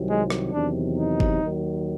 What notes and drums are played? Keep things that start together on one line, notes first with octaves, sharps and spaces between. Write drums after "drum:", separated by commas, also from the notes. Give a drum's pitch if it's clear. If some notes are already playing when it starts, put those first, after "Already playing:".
Already playing: C2 C3 D#3 F#3
G#3
drum: rim click
E2 C3 D#3 F#3 D4
D#4
drum: kick F#1
D#2 D#3 F#3